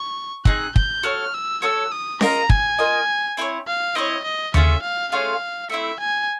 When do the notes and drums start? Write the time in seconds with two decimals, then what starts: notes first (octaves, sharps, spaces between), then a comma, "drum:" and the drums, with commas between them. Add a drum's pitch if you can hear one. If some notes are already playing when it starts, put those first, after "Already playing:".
Already playing: C#6
0.45 C4 D#4 G#4 F#6, drum: kick
0.76 G6, drum: kick
1.03 F#4 A4 C#5 F6
1.34 E6
1.62 F#4 A4 C#5 E6
1.91 D#6
2.21 F4 A#4 D#5 A#5, drum: snare C#4
2.50 G#5, drum: kick
2.79 F4 A#4 D#5
3.37 C4 E4 A4 C#5
3.67 F5
3.95 C4 E4 A4 C#5 D#5
4.24 D#5
4.54 A3 C#4 F4 G#4 E5, drum: tom D#2
4.82 F5
5.12 A3 C#4 F4 G#4 F5
5.70 A3 C4 E4 E5
6.00 G#5